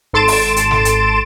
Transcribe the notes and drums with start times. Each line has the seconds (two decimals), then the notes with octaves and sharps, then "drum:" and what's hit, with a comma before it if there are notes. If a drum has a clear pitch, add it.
0.13 G#1 A4 C6 A6 D7 E7
0.28 drum: open hi-hat
0.56 drum: hi-hat
0.71 drum: snare
0.85 drum: hi-hat